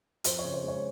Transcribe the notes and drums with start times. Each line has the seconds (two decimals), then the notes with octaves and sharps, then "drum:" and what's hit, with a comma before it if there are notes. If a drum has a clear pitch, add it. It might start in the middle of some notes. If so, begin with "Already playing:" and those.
0.24 F2 C5, drum: hi-hat
0.39 C#5
0.45 C#3
0.54 C5
0.63 G#3 C#5